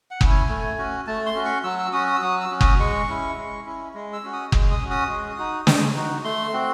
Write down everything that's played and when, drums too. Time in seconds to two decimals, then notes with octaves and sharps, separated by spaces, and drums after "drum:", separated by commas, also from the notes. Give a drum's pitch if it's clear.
0.11 F#5
0.21 C#4 E4, drum: kick F#1
0.30 G#5
0.49 A3
0.78 C#4 F#4
1.07 A3 A5
1.26 C6
1.36 C#4 F#4
1.45 C#6
1.64 F#3 E6
1.79 E6
1.93 C#4 F#4 D#6
2.07 D#6
2.16 E6
2.22 F#3 D#6
2.41 E6
2.51 C#4 F#4
2.61 D#6, drum: kick F#1
2.79 G#3 C#6
3.08 C#4 E4
3.37 G#3
3.66 C#4 E4
3.94 G#3
4.13 E6
4.23 C#4 F#4
4.33 D#6
4.52 G#3, drum: kick F#1
4.71 D#6
4.81 C#4 F#4
4.91 D#6
5.09 G#3
5.38 D#4 F#4
5.67 G#3, drum: snare
5.95 D#4 F#4
6.24 A3 C6
6.53 C4 F#4